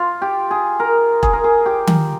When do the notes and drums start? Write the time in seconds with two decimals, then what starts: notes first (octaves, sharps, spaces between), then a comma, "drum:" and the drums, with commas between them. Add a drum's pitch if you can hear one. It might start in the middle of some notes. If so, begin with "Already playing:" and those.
Already playing: F4
0.22 G4
0.51 G#4
0.80 A#4
1.23 G#4, drum: kick E1
1.33 A#4
1.44 G#4
1.66 G4
1.87 drum: tom D#3